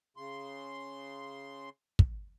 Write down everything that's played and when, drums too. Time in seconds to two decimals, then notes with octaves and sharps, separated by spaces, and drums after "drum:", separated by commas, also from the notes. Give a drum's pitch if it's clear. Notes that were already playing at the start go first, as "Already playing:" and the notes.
0.17 C#3 C6
1.99 drum: kick